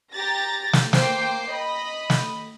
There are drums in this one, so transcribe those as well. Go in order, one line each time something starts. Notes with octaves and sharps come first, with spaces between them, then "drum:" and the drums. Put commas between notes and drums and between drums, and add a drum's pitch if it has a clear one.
G4 A#5 A6 A#6
drum: snare
A#3 C5 G5 D6 C7, drum: snare
D#5 B5
drum: snare